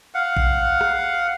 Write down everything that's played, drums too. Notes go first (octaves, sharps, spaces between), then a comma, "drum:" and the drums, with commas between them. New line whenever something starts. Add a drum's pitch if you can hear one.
F5 F#5
drum: kick A1
drum: rim click